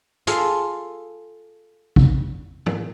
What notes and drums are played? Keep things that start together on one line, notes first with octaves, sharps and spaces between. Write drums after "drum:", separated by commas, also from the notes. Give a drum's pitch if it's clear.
F4 G#4 A4 F5, drum: hi-hat
drum: kick
drum: tom G#2